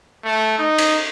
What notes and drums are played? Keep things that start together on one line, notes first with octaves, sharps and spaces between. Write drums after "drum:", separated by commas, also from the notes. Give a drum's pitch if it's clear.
A3
D#4
drum: cymbal